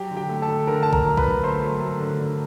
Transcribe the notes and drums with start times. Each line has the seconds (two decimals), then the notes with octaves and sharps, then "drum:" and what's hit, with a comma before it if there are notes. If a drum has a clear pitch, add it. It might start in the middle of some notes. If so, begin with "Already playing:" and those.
Already playing: F#3 G4 G5
0.11 D3
0.16 G4 G5
0.29 A3
0.42 A4 A5
0.48 D3
0.67 D3 A#4 A#5
0.83 D3 A5
0.93 A#4 A#5, drum: kick A1
1.05 F#3
1.17 B4 B5, drum: kick A1
1.24 D3
1.44 A3 C5 C6
1.62 F#3
1.81 A3
2.00 D3
2.19 D3